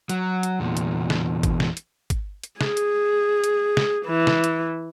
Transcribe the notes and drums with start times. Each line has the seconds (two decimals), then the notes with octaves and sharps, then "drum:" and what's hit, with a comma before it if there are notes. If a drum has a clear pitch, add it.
0.09 F#3, drum: hi-hat
0.43 drum: hi-hat
0.60 E2 A#2
0.77 drum: hi-hat
1.10 drum: snare
1.43 drum: kick, hi-hat
1.60 drum: snare
1.77 drum: hi-hat
2.10 drum: kick, hi-hat
2.44 drum: hi-hat
2.61 G#4, drum: snare
2.77 drum: hi-hat
3.44 drum: hi-hat
3.77 drum: snare
4.06 E3
4.27 drum: snare
4.44 drum: hi-hat